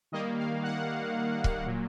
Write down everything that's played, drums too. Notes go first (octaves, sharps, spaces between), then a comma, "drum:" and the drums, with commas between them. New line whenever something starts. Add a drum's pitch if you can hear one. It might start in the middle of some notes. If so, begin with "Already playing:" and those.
D#3 G3 A#3 D#5
F5
F#5
drum: kick
A#2 F#3 A#3